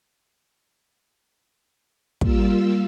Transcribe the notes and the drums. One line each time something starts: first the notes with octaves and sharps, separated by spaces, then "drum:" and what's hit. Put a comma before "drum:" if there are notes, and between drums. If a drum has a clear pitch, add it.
G3 A#3 F4 E6, drum: kick